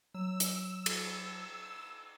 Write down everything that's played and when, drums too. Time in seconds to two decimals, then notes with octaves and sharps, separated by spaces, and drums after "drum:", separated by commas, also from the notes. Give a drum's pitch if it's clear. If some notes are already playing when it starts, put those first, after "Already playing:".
0.14 F#3 E6
0.40 drum: hi-hat
0.86 drum: cymbal